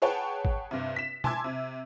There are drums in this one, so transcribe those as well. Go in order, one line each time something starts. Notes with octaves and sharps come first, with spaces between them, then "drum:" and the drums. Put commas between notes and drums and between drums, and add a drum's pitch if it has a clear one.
G#4 B4 C#5 F#5 G5 A5
drum: kick G#1
G2 C3
B6 E7
G#5 A5 C6 D6 E6 G#6, drum: tom
C3